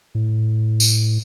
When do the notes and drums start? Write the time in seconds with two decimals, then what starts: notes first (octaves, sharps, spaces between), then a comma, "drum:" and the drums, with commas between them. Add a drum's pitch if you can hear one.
0.15 A2
0.80 drum: tambourine